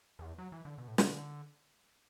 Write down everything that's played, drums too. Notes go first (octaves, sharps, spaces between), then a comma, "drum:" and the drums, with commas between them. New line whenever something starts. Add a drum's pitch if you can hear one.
E2
F#3
E3
D3
B2
A2
B2, drum: snare
D3